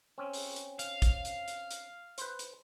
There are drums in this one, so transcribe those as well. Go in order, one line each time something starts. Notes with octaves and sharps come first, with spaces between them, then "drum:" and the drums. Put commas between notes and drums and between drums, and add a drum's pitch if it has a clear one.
C4 C#4
drum: open hi-hat
drum: hi-hat
F5, drum: hi-hat
drum: kick, hi-hat
drum: hi-hat
drum: hi-hat
drum: hi-hat
B4 C5, drum: hi-hat
drum: hi-hat